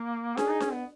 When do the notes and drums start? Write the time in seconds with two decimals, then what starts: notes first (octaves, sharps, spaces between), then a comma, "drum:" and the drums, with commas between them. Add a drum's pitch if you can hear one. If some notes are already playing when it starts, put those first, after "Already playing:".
Already playing: A#3
0.37 C#4 G#4, drum: snare D4
0.49 D#4
0.60 C#4, drum: snare D4
0.72 B3